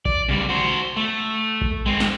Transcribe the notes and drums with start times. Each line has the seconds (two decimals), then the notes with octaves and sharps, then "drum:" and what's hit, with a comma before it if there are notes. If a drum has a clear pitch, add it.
0.05 D5, drum: kick A#1
0.29 C#3 G3
0.49 F#4 C5
0.97 A3
1.61 drum: kick A#1
1.86 G#3 C4
2.00 drum: snare